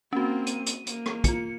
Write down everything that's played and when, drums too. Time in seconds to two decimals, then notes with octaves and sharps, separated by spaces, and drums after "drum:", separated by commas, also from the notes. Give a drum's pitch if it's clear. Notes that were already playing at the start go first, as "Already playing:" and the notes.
0.13 A#3 C4 C#4 F#4
0.47 D#7, drum: hi-hat
0.66 drum: hi-hat
0.87 A#3, drum: hi-hat
1.06 drum: rim click
1.24 F4 C#7, drum: kick, hi-hat